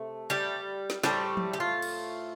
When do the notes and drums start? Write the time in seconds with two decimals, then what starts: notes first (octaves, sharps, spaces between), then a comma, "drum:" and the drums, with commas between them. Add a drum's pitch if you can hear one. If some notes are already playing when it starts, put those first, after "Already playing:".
Already playing: C3 A3
0.30 G3 G4
0.90 drum: snare
1.03 A2 G3 A3 C4 G4, drum: snare
1.37 drum: tom F3
1.53 G4
1.60 F4
1.82 drum: cymbal